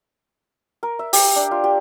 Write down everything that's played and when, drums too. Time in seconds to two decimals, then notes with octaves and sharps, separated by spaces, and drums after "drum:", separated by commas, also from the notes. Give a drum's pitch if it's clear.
0.83 A#4
0.99 E5
1.13 G4, drum: open hi-hat
1.36 D4
1.51 F4
1.64 G4